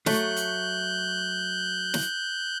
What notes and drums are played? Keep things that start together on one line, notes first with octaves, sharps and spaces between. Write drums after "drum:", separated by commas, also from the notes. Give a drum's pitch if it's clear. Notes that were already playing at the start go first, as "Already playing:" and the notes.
F#3 A3 F#6 G6, drum: snare
drum: hi-hat
drum: snare